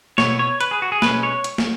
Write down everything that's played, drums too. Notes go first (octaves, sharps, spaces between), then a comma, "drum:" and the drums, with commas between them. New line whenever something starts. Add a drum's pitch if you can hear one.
B2 B3 E4 C#5, drum: snare
C#5
B4, drum: hi-hat
G#4
F#4
G#4
B2 G#3 C#4 B4, drum: snare
C#5
drum: hi-hat
drum: snare